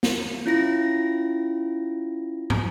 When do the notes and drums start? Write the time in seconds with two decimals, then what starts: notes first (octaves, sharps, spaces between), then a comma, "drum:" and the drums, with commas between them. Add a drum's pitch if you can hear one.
0.03 drum: snare
0.46 C#4 E4 F4 A#6
2.50 drum: tom